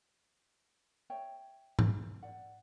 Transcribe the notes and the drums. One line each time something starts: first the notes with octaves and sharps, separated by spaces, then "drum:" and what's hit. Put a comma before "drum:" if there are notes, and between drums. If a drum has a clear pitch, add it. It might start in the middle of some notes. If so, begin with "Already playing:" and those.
C#5 E5 G5
drum: tom G#2
D5 F#5